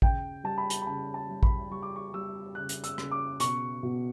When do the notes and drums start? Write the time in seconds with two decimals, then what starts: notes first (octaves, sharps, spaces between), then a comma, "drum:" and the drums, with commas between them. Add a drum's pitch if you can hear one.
0.02 C#3 G5, drum: kick A1
0.44 G3 A5
0.58 B5
0.70 A5, drum: hi-hat
0.82 B5
0.86 C#3 A5
1.14 A5
1.29 G3
1.43 B5, drum: kick A1
1.71 G3 C#6
1.83 D6
1.96 C#6
2.14 G3 E6
2.55 C#3 F#6
2.69 drum: hi-hat
2.84 E6, drum: hi-hat
2.98 C#3, drum: rim click
3.11 D6
3.40 B2 C#6, drum: hi-hat
3.83 B2